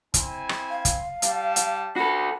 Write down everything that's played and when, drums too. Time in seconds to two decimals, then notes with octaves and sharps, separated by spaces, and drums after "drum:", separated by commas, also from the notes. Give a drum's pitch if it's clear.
0.14 C4 E4 G#5, drum: kick, hi-hat
0.49 drum: rim click
0.70 F5
0.85 drum: kick, hi-hat
1.22 G3 A5, drum: hi-hat
1.56 drum: hi-hat
1.96 F#4 A4 B5